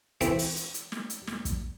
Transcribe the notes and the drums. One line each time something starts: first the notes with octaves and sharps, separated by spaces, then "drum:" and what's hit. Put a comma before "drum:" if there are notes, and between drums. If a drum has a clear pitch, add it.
E3 A3 C4, drum: hi-hat
drum: open hi-hat
drum: hi-hat
drum: hi-hat
drum: snare
drum: hi-hat
drum: snare
drum: kick, hi-hat